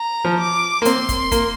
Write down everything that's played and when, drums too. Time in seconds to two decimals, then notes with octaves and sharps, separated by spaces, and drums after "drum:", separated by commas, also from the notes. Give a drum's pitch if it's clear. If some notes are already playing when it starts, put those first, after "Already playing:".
Already playing: A#5
0.25 F3
0.40 D6
0.82 A#3
0.85 C4 C6, drum: hi-hat
1.09 drum: kick, hi-hat
1.32 A#3, drum: kick, hi-hat